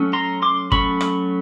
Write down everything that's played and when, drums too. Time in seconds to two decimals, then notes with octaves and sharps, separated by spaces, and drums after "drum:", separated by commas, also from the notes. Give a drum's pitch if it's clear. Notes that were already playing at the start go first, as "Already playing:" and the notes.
Already playing: F#3 A3 C#4
0.13 A#5 C6
0.42 C6 D6
0.72 F#3 A3 C#4 B5 C#6, drum: kick
1.01 drum: rim click